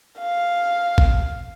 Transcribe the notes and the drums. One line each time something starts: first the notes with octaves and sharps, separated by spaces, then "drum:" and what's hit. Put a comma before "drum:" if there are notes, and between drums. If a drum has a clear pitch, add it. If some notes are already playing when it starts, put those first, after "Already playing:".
F5
drum: kick